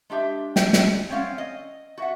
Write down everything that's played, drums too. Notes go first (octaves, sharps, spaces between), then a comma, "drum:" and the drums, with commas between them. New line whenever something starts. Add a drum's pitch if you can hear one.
G#3 D4 G4 E5
G5, drum: snare
drum: snare
C4 C#4 D5 F5 F#5
D#5
F#4 E5 F#5